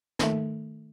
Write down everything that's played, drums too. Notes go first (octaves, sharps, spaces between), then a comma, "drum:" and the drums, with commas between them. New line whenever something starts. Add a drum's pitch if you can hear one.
D#3 A3, drum: snare